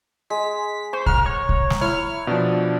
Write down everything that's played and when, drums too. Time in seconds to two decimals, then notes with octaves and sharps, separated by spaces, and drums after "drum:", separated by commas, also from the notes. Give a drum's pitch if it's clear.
0.30 G#3 B6
0.93 C5 C#6
1.06 A#4 F#5 F6, drum: kick
1.25 C#5
1.49 drum: kick
1.70 drum: snare
1.81 E4 C#5 F6
2.27 B2 F3 D4